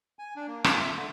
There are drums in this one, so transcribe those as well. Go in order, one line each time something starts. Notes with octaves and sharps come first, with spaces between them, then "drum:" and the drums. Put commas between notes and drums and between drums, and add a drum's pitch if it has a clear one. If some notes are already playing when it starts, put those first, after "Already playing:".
G#5
D4
A#3
F4, drum: rim click
E5
D3